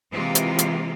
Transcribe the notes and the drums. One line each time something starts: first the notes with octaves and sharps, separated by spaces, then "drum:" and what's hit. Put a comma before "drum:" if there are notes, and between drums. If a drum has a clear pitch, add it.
C3 E3 G#3 A#3 C4 F4
drum: hi-hat
drum: hi-hat